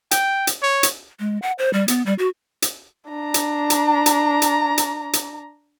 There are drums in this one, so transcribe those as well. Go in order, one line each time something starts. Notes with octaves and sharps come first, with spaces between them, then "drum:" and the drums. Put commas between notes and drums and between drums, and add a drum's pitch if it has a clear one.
G5, drum: hi-hat
drum: hi-hat
C#5
drum: hi-hat
G#3
F#5
C5
G3
B3, drum: hi-hat
G3
F#4
drum: hi-hat
D4 A#5
drum: hi-hat
drum: hi-hat
drum: hi-hat
drum: hi-hat
drum: hi-hat
drum: hi-hat